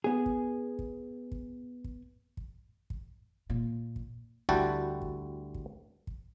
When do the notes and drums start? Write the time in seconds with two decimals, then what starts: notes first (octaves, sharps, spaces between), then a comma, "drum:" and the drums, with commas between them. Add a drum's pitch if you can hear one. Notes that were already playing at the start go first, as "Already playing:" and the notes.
0.04 B3 G#4
0.26 drum: kick
0.79 drum: kick
1.32 drum: kick
1.84 drum: kick
2.37 drum: kick
2.90 drum: kick
3.50 A#2
3.96 drum: kick
4.49 D2 G3 E4 F#4 G5 A5, drum: kick
5.02 drum: kick
5.54 drum: kick
6.07 drum: kick